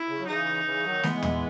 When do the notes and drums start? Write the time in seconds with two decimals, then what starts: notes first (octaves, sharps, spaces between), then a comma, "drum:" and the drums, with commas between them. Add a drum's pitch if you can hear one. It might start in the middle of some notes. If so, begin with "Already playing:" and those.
Already playing: E4
0.09 C#3
0.19 F#3
0.27 C#3 E3 D#4
0.65 C#3 E3
0.84 D#3 F#3
0.99 A#3
1.03 E3 G#3 B3, drum: snare
1.23 drum: tom